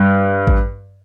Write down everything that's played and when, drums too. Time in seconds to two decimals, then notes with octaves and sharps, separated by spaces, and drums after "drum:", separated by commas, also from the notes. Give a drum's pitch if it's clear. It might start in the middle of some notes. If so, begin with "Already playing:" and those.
Already playing: G2
0.47 drum: kick A1